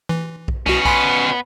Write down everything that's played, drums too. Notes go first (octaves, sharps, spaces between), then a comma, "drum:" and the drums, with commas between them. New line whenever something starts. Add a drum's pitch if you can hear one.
E3, drum: rim click
drum: kick A#1
C2 B2 C#4 F#4
B3 G#5 C6, drum: kick A#1